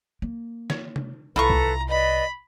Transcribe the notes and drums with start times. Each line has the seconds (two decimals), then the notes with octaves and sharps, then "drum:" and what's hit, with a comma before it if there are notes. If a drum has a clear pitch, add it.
0.22 A#3
0.70 C#5, drum: snare
0.96 drum: tom C3
1.36 C2 E4 F4 A4 B4 A#5 C#6
1.50 drum: kick
1.89 B4 D5 D#5 B5